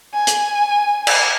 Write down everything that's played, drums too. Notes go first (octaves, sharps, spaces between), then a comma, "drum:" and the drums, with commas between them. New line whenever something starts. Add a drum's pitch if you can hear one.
G#5
drum: hi-hat
drum: cymbal